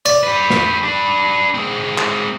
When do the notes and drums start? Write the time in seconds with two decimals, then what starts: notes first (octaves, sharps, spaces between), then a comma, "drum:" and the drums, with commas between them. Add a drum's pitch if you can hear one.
0.05 D5, drum: cymbal
0.23 G4 B4
0.50 drum: snare
0.83 D4 B4
1.54 G#3 C4
1.98 drum: clap